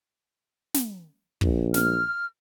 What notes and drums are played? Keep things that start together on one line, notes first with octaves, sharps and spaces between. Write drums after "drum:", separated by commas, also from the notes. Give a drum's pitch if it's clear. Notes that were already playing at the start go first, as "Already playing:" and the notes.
drum: snare
A#1, drum: kick
F6, drum: snare